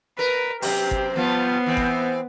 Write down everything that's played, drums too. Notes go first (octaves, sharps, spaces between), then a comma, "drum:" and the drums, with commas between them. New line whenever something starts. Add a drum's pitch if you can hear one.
A#4 B4
F#2 C3 C4 G4, drum: open hi-hat
drum: kick G1
F3 G3 B3 F4
E3 C4
drum: kick G1